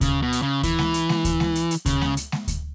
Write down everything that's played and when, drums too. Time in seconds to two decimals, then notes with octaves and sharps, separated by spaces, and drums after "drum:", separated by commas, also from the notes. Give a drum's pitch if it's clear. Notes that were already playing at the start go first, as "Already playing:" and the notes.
0.01 C#3, drum: kick D2, hi-hat
0.22 B2
0.32 drum: hi-hat
0.42 C#3
0.63 E3, drum: kick D2, hi-hat
0.79 drum: snare G#3
0.94 drum: hi-hat
1.09 drum: snare G#3
1.25 drum: kick D2, hi-hat
1.40 drum: snare G#3
1.55 drum: hi-hat
1.71 drum: hi-hat
1.86 C#3, drum: kick D2, hi-hat
2.01 drum: snare G#3
2.17 drum: hi-hat
2.32 drum: snare G#3
2.48 drum: kick D2, hi-hat